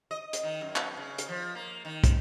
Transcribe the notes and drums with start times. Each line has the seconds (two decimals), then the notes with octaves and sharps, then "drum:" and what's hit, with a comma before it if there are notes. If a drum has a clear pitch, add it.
0.11 D#5
0.33 drum: hi-hat
0.43 D#3
0.61 F#2
0.76 drum: clap
0.97 C#3
1.18 drum: hi-hat
1.29 F3
1.55 A#3
1.85 D#3
2.04 drum: kick, hi-hat